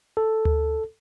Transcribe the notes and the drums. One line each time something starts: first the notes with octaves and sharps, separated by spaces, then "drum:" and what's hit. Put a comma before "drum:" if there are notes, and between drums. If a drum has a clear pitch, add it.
A4
drum: tom D2